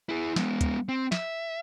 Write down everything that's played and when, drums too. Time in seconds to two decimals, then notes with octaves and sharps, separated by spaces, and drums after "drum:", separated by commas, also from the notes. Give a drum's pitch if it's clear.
0.09 E4 G#4
0.36 G#3 B3, drum: snare
0.61 drum: kick, hi-hat
0.89 C4
1.12 E5, drum: snare